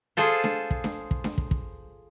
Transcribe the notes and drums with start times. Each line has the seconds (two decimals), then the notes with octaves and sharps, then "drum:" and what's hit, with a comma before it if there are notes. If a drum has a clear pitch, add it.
0.17 F4 G#4 A4 C5
0.44 drum: snare D4
0.71 drum: kick
0.84 drum: snare D4
1.11 drum: kick
1.24 drum: snare D4
1.38 drum: kick
1.51 drum: kick